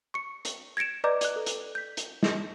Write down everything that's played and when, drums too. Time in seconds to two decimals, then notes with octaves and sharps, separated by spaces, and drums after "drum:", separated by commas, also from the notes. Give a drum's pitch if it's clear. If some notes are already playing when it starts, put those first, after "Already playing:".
0.14 C#6 C#7
0.45 drum: hi-hat
0.77 G#6 A#6 C#7 D7 E7
1.04 B4 D5 D#5 A#5 D6 G6
1.21 D5 F#6, drum: hi-hat
1.36 A4
1.46 drum: hi-hat
1.75 G6 B6
1.97 drum: hi-hat
2.23 drum: snare